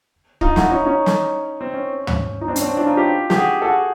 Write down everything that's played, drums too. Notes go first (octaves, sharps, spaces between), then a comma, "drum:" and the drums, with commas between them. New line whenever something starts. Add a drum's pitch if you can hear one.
D#4 F4, drum: kick
E4 F#4, drum: snare
C#4 D#4
C#4 D#4
drum: snare
C4
C#4
drum: tom
D#4
C4 D4
C#4, drum: hi-hat
C4 D4
D4 E4
D#4 F4
F4 G4
G4, drum: snare
F#4 G#4
A4
F#4 G#4